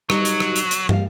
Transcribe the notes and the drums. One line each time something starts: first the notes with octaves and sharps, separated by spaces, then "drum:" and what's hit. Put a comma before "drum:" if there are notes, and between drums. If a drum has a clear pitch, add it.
F#3 G3 D#4, drum: rim click
drum: hi-hat
drum: rim click
drum: hi-hat
drum: hi-hat
G3 F5, drum: tom